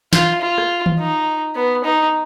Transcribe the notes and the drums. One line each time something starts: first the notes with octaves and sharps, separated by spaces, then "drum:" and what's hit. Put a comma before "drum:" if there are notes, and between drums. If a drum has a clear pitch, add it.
F4, drum: snare
F4
drum: rim click
drum: tom D#3
D#4
B3
D#4